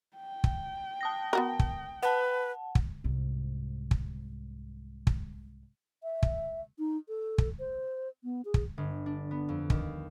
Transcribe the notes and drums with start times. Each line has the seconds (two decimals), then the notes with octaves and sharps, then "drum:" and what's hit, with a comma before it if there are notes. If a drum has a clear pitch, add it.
0.17 G5
0.44 drum: kick
1.01 A5 D#6 A#6
1.33 B3 F#4 A#4
1.59 drum: kick
2.03 B4 F#5 A5
2.75 drum: kick
3.04 C2 G#2
3.91 drum: kick
5.07 drum: kick
6.03 E5
6.23 drum: kick
6.79 D#4
7.09 A4
7.38 drum: kick
7.59 C5
8.24 B3
8.45 G#4
8.54 drum: kick
8.78 G1
9.06 D4
9.31 B3
9.49 F2
9.70 D#2, drum: kick